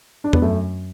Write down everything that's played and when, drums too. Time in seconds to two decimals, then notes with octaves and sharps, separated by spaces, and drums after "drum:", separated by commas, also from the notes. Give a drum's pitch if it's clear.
0.24 D4
0.33 B3, drum: tom
0.42 F#2 A3